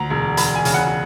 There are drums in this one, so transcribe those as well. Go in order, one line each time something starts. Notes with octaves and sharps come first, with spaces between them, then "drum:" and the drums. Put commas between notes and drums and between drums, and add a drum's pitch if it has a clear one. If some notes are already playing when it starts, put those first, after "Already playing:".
Already playing: D2 A#5
E1
E1 B5, drum: hi-hat
G#5
C#3, drum: hi-hat
F#5